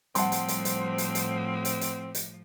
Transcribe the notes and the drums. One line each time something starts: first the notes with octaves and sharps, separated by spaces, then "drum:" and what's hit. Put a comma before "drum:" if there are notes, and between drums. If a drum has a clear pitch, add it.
A2 F3 G3 C4 C5 F#5 A5 C6, drum: hi-hat
drum: hi-hat
drum: hi-hat
drum: hi-hat
drum: hi-hat
drum: hi-hat
drum: hi-hat
drum: hi-hat
drum: hi-hat